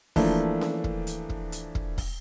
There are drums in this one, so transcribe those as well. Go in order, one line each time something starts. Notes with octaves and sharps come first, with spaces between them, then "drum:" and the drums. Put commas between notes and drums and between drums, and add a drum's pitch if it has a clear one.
E3 F3 A3 A#3 D4, drum: kick, open hi-hat
drum: snare C#4
drum: kick
drum: hi-hat
drum: kick
drum: hi-hat
drum: kick
drum: kick, open hi-hat